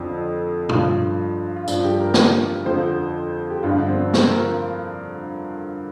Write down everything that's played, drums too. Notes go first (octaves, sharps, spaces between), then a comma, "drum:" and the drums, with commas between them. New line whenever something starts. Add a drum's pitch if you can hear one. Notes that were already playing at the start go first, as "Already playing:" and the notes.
Already playing: F2 D3 F3 D4
G2 F3 F4, drum: tom
F4
G2 F3 D4, drum: tambourine
G4
A#4
drum: snare
F2 D3 F3 C5
G4
G2 D3 F3 F4
D4
C4
C4, drum: snare
A#4